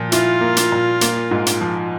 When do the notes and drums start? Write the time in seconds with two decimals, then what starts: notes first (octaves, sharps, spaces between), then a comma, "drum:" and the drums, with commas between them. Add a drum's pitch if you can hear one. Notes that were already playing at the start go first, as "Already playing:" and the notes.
Already playing: A#2 F3
0.12 E4 F4, drum: hi-hat
0.41 A#3
0.57 drum: hi-hat
0.72 A#2
1.01 A#3, drum: hi-hat
1.31 G#2
1.46 drum: hi-hat
1.61 F3